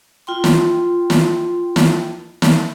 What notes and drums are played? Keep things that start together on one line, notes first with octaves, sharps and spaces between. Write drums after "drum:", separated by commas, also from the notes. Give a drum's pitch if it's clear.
F4 G5 C6
drum: snare
drum: snare
drum: snare
drum: snare